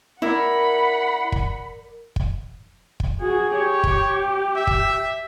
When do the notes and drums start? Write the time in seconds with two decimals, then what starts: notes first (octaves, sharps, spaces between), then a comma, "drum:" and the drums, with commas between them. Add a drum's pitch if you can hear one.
0.22 E4 A#4 D5 F#5 B5
1.32 drum: kick
2.16 drum: kick
3.00 drum: kick
3.21 F#4 G#4
3.55 G4 C#5
3.84 drum: kick
4.57 E5
4.67 drum: kick